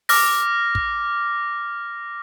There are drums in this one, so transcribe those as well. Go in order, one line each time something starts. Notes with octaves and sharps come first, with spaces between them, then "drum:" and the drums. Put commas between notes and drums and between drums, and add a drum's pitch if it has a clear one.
D6 F6 A#6, drum: open hi-hat
drum: kick